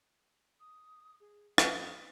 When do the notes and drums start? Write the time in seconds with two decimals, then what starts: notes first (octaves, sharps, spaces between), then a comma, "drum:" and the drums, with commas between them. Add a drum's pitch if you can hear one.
0.60 D#6
1.20 G#4
1.58 F2 D#6, drum: rim click